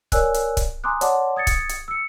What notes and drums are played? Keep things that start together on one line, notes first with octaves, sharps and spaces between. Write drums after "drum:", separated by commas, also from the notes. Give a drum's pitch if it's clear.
A#4 C#5 D5 G#5 E6 F#6, drum: kick C#1, hi-hat
drum: hi-hat
drum: kick C#1, hi-hat
G#5 A#5 C6 D6 D#6 F#6
C#5 D5 F#5 A5 C6 D6, drum: hi-hat
D#6 G#6 A6 C#7
drum: kick C#1, hi-hat
drum: hi-hat
E6 C#7